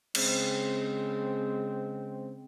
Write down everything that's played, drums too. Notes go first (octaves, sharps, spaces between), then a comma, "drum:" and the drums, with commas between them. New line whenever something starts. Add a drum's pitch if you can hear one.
C#3 G#3 C4, drum: cymbal